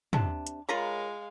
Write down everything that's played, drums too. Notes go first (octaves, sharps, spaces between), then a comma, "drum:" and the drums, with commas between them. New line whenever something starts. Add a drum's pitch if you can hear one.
C3 D4 A5, drum: tom
drum: hi-hat
G#3 F4 A#4 C#5 F5 A#5 B5